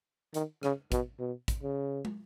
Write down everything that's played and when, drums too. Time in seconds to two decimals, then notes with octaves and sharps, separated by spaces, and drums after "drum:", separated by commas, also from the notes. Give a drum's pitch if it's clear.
0.34 D#3, drum: hi-hat
0.63 C#3, drum: rim click
0.92 B2, drum: kick, hi-hat
1.19 B2
1.48 drum: kick, hi-hat
1.62 C#3
2.05 drum: tom